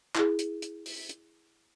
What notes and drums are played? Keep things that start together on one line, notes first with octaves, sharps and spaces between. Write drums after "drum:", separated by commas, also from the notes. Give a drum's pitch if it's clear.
E4 G#4, drum: clap
drum: hi-hat
drum: hi-hat
drum: open hi-hat
drum: hi-hat